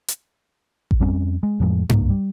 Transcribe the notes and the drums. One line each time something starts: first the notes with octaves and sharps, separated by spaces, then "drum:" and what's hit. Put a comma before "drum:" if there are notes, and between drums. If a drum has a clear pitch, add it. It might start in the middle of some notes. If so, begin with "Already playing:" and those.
drum: hi-hat
drum: kick A1
F2 G3 C4 C#4
G#3
F2 A2 F3 G#3
C#2 G#2 A#3, drum: tom G2
G3